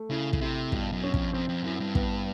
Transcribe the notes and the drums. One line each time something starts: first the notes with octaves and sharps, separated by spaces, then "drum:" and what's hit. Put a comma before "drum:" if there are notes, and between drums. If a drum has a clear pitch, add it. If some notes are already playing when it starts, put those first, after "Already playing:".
Already playing: A3
C#3 E4
C#3, drum: kick
C3 E4
G2 B2, drum: kick
F#2
C#4
F2, drum: kick
F2 C4
F2
F#2 E4
G2
B3, drum: kick